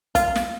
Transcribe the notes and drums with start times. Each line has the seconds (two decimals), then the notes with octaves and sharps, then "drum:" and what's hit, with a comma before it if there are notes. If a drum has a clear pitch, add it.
0.15 F4, drum: kick, hi-hat
0.36 drum: snare